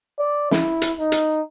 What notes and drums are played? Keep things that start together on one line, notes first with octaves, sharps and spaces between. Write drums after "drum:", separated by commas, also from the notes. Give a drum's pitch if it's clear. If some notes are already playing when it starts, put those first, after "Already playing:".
D5
E4, drum: snare
drum: hi-hat
D#4
drum: hi-hat